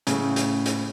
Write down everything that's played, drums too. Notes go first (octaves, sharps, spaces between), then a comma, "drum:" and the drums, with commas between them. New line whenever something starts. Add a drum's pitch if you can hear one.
A2 C#3, drum: hi-hat
drum: hi-hat
drum: hi-hat